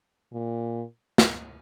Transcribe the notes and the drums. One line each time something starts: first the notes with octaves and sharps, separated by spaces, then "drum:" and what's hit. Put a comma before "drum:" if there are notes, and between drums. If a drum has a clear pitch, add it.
A#2
drum: snare